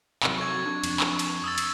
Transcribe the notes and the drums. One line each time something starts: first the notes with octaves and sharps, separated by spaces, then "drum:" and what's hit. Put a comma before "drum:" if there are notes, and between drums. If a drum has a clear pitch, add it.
C3 F#3, drum: clap
D#4 F#4 A4 C#6 G#6
D4
F2, drum: cymbal
drum: clap
drum: cymbal
D#6 E6 A6
drum: cymbal